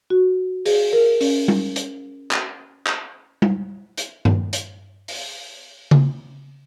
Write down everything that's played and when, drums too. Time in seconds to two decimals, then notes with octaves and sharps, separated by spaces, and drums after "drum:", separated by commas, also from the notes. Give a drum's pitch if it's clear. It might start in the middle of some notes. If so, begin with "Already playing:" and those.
0.10 F#4
0.66 G#4, drum: open hi-hat
0.93 A#4
1.21 C#4, drum: open hi-hat
1.48 drum: tom G3
1.76 drum: hi-hat
2.31 drum: clap
2.87 drum: clap
3.42 drum: tom G3
3.97 drum: hi-hat
4.25 drum: tom G2
4.53 drum: hi-hat
5.08 drum: open hi-hat
5.91 drum: tom C#3